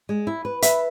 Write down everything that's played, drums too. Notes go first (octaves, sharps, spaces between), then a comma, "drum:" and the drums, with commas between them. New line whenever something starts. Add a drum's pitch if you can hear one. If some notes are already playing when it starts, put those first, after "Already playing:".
G#3
E4
B4
B4 E5, drum: hi-hat